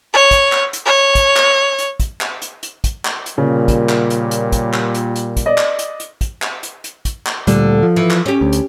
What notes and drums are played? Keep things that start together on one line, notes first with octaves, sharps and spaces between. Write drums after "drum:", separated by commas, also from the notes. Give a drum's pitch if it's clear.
C#5
drum: kick, hi-hat
drum: clap
drum: hi-hat
C#5
drum: kick, hi-hat
drum: clap
drum: hi-hat
drum: kick, hi-hat
drum: clap
drum: hi-hat
drum: hi-hat
drum: kick, hi-hat
drum: clap
drum: hi-hat
A#2 C#3 G3
drum: kick, hi-hat
drum: clap
drum: hi-hat
drum: hi-hat
drum: kick, hi-hat
drum: clap
drum: hi-hat
drum: hi-hat
drum: kick, hi-hat
D5 D#5
drum: clap
drum: hi-hat
drum: hi-hat
drum: kick, hi-hat
drum: clap
drum: hi-hat
drum: hi-hat
drum: kick, hi-hat
drum: clap
D2 A#2 D3 G3, drum: hi-hat
F3
E3
drum: clap
C#4 G4
D2
drum: hi-hat